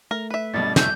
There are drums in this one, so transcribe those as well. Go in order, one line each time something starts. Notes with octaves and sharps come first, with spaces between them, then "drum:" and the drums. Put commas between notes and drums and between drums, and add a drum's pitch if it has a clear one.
A3 A#4
B4 E5
A#1 G2 B2 A6
C3 A3 E4 G6, drum: snare